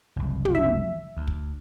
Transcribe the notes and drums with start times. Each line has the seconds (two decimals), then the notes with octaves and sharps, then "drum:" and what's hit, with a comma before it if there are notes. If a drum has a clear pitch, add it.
0.16 F#1 C2
0.45 drum: tom
0.55 E5
1.17 D2
1.28 drum: kick